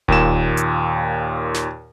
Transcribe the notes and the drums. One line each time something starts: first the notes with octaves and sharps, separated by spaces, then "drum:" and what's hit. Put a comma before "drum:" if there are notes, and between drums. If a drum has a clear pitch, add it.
D#2 A#2 E7, drum: kick E1
drum: hi-hat
drum: snare